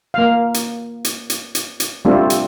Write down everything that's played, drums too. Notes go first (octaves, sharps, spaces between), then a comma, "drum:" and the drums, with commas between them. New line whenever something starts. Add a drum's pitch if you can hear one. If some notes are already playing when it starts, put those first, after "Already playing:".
A#3 F5
drum: hi-hat
drum: hi-hat
drum: hi-hat
drum: hi-hat
drum: hi-hat
G3 A3 C4 D4 F4 A4
drum: hi-hat